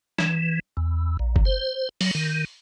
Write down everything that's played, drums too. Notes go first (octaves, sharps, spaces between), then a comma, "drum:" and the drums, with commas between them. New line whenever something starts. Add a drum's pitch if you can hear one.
E3, drum: snare
E2
A#1
drum: kick F#1
C5
F#3, drum: open hi-hat
D#3